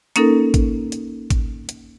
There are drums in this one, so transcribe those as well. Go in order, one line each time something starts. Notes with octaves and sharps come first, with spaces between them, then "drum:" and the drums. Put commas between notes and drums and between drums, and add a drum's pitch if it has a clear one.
A#3 C#4 D#4 A4 A#4, drum: hi-hat
drum: kick, hi-hat
drum: hi-hat
drum: kick, hi-hat
drum: hi-hat